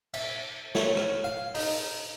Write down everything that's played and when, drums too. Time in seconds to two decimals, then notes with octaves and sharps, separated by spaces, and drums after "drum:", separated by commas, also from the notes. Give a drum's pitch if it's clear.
0.14 E5, drum: cymbal
0.75 C#5, drum: snare
0.97 drum: rim click
1.24 F5
1.55 D#4, drum: open hi-hat